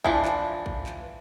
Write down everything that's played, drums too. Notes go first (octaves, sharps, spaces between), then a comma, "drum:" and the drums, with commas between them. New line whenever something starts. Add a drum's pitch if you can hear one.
E3 F3 D4, drum: kick
drum: clap
drum: kick
drum: clap